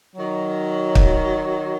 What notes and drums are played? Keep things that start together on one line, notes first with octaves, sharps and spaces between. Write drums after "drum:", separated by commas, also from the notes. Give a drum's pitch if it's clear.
D#3 F#3
drum: kick